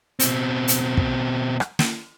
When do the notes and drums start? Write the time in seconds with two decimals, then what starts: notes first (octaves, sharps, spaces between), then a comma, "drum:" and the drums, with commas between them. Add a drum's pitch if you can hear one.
0.20 B2 C4, drum: hi-hat
0.68 drum: hi-hat
0.97 drum: kick
1.60 drum: rim click
1.79 drum: snare